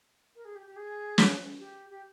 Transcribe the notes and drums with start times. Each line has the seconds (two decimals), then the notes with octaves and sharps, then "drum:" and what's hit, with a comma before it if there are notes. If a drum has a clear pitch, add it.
0.35 A#4
0.45 G#4
0.55 G4
0.66 G4
0.76 G#4
1.18 drum: snare
1.59 G4
1.89 G4